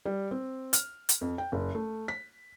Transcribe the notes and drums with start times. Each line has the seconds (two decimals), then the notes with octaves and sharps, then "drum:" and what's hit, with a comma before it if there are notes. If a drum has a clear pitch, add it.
0.06 G3
0.31 C4
0.73 F6, drum: hi-hat
1.09 drum: hi-hat
1.21 F2
1.38 G5
1.52 F#1
1.75 A3
2.08 B6